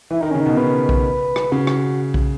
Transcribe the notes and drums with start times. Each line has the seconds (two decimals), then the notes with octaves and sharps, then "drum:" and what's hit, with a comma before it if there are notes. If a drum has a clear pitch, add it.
0.10 E3 E4
0.21 D#3 D#4
0.31 C#3 C#4
0.41 D#4
0.46 B2
0.57 C#3 B4
0.89 drum: kick B1
1.36 drum: rim click
1.52 C#3 F#4
1.67 drum: rim click
2.14 drum: kick B1